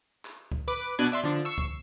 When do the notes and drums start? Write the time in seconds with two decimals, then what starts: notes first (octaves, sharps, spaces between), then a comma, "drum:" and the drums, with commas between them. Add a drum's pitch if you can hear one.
0.25 drum: clap
0.52 drum: kick C#2
0.68 B4 D6
0.99 B2 D4 D5 F#6 G#6 D#7
1.12 D5 E5 C6
1.24 D3 F3 D4
1.45 C#6 E6 C7
1.58 drum: kick C#2